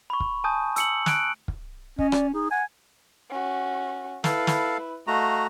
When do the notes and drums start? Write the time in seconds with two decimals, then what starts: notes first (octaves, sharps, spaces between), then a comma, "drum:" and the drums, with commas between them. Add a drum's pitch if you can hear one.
0.10 B5 C#6
0.20 drum: kick
0.44 G#5 A5 D#6 G6
0.76 E6 C#7 F#7, drum: hi-hat
1.06 F#6 D7, drum: snare
1.48 drum: kick
1.99 C#4 D#5, drum: kick
2.12 D5, drum: rim click
2.34 D#4 G#4
2.51 F#5 G#5
3.30 C#4 F#4
4.24 E4 A4 B4 F5, drum: snare
4.47 drum: snare
5.07 A3 F#4 D#5 F5 A#5